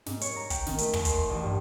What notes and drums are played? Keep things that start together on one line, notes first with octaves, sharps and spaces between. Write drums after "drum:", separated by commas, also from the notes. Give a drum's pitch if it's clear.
G#2, drum: snare
C#5, drum: hi-hat
A#5
G5, drum: kick, hi-hat
D#3, drum: snare
A3, drum: hi-hat
D#2, drum: tom
C6, drum: kick, hi-hat
A1
G2